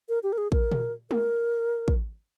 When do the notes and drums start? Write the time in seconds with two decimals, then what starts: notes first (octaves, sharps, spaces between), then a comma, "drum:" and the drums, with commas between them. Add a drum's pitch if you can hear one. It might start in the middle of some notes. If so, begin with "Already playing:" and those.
0.09 A#4
0.23 G4
0.33 A#4
0.38 G#4
0.52 A#4, drum: kick
0.72 drum: tom A#2
1.11 A#4, drum: tom G#3
1.88 drum: kick